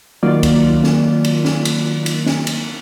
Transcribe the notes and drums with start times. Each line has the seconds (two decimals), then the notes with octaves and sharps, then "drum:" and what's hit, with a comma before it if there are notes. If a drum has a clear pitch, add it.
0.23 D#3 F#3 A#3 F4 D5
0.43 drum: kick C#2, cymbal
0.84 drum: snare
1.24 drum: cymbal
1.45 drum: snare
1.65 drum: cymbal
2.06 drum: cymbal
2.26 drum: snare
2.47 drum: cymbal